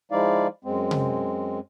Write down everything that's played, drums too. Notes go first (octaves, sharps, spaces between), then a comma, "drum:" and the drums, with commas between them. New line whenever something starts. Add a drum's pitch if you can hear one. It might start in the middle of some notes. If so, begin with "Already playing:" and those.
F3 G#3 D#4 E4 D5 F5
F#2 G#3 C4
drum: tom C3